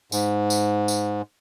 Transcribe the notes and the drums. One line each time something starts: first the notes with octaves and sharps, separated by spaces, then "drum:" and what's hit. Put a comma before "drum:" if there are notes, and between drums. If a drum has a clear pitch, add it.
G#2, drum: tambourine
drum: tambourine
drum: tambourine